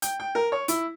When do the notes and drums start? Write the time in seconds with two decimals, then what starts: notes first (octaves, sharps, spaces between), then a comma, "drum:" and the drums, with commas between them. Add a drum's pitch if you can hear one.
0.02 G5, drum: hi-hat
0.20 G5
0.35 A#4
0.52 C#5
0.68 E4, drum: hi-hat